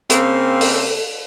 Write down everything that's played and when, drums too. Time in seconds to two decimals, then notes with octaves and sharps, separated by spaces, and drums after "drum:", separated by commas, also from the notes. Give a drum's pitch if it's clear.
0.10 C#3 A#3 C4, drum: hi-hat
0.61 drum: open hi-hat